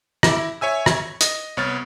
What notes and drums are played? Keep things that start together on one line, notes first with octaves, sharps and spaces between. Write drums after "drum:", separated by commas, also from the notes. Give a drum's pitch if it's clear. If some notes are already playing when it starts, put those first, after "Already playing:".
E4 D6, drum: rim click
C#5 E5 G#5 E6
drum: rim click
D#5, drum: hi-hat
C2 B3 C#5 F6 A6